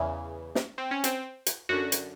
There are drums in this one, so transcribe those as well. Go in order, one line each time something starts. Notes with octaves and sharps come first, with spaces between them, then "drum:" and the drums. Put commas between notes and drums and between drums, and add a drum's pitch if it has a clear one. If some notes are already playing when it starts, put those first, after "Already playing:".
Already playing: E2 C#3 E3
drum: snare
C4
C#4
C4, drum: hi-hat
drum: hi-hat
F#2 D3 F#4
drum: hi-hat